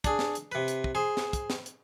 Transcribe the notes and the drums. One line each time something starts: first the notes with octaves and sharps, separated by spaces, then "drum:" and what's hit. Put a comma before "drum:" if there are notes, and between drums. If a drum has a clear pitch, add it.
D4 G#4, drum: kick, hi-hat
drum: snare
drum: hi-hat
C3 B4
drum: hi-hat
drum: kick
G#4 C5
drum: snare
drum: kick, hi-hat
drum: snare
drum: hi-hat